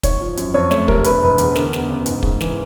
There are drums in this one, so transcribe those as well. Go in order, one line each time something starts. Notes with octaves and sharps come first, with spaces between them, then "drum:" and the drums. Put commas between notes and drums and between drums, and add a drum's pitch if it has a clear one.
G#1 C#5, drum: kick, hi-hat
F3
F#2, drum: hi-hat
F2 C#5
A3 C#5, drum: snare
C3 A#4, drum: kick
E1 B4, drum: hi-hat
E1 B4
E2, drum: hi-hat
D2 A#4, drum: snare
B3, drum: snare
C#3
G#2, drum: hi-hat
G#2, drum: kick
E3, drum: snare